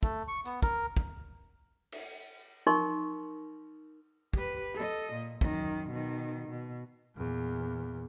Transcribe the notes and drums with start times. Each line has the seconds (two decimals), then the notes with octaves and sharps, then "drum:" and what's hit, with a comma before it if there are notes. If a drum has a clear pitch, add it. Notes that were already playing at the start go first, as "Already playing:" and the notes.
0.03 A3, drum: kick
0.28 C#6
0.45 B3, drum: hi-hat
0.62 A#4, drum: kick
0.97 drum: kick
1.92 drum: cymbal
2.67 D#4 A#4 C6 C#6
4.34 G4 B4, drum: kick
4.74 A4 D#5
5.13 A#2
5.41 F#2 D#3, drum: kick
5.90 B2 D#3
6.48 B2
7.15 E2 A#2